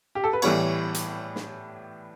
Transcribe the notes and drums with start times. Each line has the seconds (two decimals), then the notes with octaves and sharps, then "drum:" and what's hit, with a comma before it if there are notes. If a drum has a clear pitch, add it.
0.15 G4
0.24 A4
0.33 B4
0.42 A2 E3 G3 B3 C#5, drum: cymbal
0.94 drum: hi-hat
1.36 drum: snare